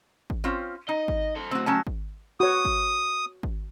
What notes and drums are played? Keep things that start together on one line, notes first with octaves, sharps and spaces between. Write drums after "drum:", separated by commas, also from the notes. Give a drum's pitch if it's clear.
drum: kick G#1
C4 C#4 F4
D#4 D#5
drum: kick G#1
A4 C5
D2 A2 C4 F#4
F#3 C#4 A5
drum: kick G#1
F#4 C#5 D#6
drum: kick G#1
drum: kick G#1